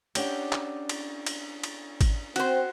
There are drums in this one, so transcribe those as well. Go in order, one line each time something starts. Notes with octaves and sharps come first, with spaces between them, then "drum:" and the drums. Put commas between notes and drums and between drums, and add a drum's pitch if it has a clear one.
C#4 D4 G4 F#5, drum: cymbal
drum: clap
drum: cymbal
drum: cymbal
drum: cymbal
drum: kick G#1, cymbal
C4 F#4 C5, drum: cymbal